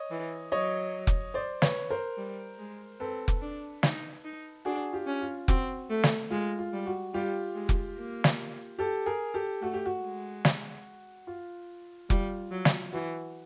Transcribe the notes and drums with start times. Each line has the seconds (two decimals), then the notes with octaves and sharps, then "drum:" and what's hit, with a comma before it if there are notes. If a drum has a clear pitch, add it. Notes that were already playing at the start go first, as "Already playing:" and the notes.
Already playing: C#5 D#5
0.11 E3
0.52 F#3 C#5 D#5
1.07 drum: kick F1
1.34 C5 D5
1.62 B4 C#5, drum: snare
1.91 A#4 C5
2.17 G3
2.59 G#3
3.00 C4 A4 B4
3.28 drum: kick F1
3.42 D4
3.83 D#4, drum: snare
4.24 D#4
4.65 D4 F#4 G#4
4.93 F4 G4
5.07 C#4
5.21 F4
5.48 C4 F#4, drum: kick F1
5.90 A3
6.03 drum: snare
6.31 G#3 F4
6.59 F4
6.73 G3
6.86 F#4
7.14 G3 F4 G4
7.55 G#3
7.69 drum: kick F1
7.96 A#3
8.24 drum: snare
8.79 G4 A4
9.06 G#4 A#4
9.34 G4 A4
9.61 A3 F#4
9.74 G4
9.86 F#4
10.03 G#3
10.45 drum: snare
11.27 F4
12.10 G3 F4, drum: kick F1
12.51 F#3
12.65 drum: snare
12.92 E3 F#4